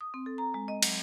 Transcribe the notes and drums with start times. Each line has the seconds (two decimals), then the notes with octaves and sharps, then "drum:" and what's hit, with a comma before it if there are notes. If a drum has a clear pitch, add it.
0.01 D#6
0.14 C4
0.26 A4
0.38 A#5
0.54 G#3
0.68 D#5
0.83 F#3, drum: cymbal